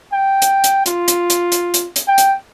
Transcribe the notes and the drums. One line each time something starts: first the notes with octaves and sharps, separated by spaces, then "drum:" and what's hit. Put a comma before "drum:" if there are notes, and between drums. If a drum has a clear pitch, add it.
G5
drum: hi-hat
drum: hi-hat
F4, drum: hi-hat
drum: hi-hat
drum: hi-hat
drum: hi-hat
drum: hi-hat
drum: hi-hat
G5
drum: hi-hat